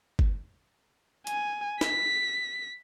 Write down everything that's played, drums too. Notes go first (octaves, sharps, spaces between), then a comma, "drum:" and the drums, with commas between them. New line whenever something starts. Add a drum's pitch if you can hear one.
drum: kick
G#5, drum: hi-hat
B6, drum: snare